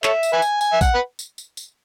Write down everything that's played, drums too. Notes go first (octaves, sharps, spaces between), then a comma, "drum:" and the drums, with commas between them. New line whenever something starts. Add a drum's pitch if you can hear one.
A4 C#5 E5, drum: clap
drum: tambourine
B4 E5 G#5
drum: tambourine
G#5, drum: tambourine
E5
F#5, drum: kick A1, tambourine
B4
drum: tambourine
drum: tambourine
drum: tambourine